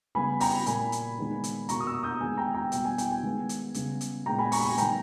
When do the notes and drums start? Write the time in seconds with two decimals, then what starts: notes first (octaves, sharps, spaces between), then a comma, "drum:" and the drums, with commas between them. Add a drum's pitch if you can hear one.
0.15 C#3 G3 B3 G#5 B5
0.40 G5 A#5, drum: open hi-hat
0.66 A#2 A#3 G#5 B5, drum: hi-hat
0.92 drum: hi-hat
1.18 D#3 G#3 B3
1.44 drum: hi-hat
1.69 B2 A#3 A#5 C#6, drum: hi-hat
1.81 D#6
1.86 C#6 E6
2.03 D#6 G6
2.20 D#3 G#3 B3 G#5
2.38 G5 A#5
2.54 G5 A#5
2.72 B2 G3 B3 G5, drum: hi-hat
2.85 G#5
2.98 G5, drum: hi-hat
3.11 G#5
3.23 D#3 G#3 B3
3.49 drum: hi-hat
3.74 C#3 G3 B3, drum: hi-hat
4.01 drum: hi-hat
4.26 A#2 G#3 B3 G5 A#5
4.39 G#5 B5
4.52 A#5 C#6, drum: open hi-hat
4.65 G#5 B5
4.78 D#3 G3 B3 G5 A#5, drum: hi-hat